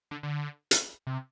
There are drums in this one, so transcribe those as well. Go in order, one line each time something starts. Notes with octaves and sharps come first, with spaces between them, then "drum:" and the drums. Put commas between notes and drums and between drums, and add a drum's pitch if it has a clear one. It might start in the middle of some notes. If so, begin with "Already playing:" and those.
D3
D3
drum: hi-hat
C3